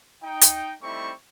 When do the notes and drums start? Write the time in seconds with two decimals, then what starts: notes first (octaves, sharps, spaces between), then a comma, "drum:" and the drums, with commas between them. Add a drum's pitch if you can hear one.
0.23 D#4 G5
0.41 drum: hi-hat
0.82 G3 A3 C4 D#4 E4 C#6